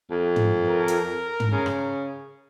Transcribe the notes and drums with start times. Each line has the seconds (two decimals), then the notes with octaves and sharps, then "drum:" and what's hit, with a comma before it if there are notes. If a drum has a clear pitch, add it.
0.10 F2
0.36 drum: tom
0.68 A#4
0.88 drum: hi-hat
1.40 drum: tom
1.52 C#3
1.66 drum: rim click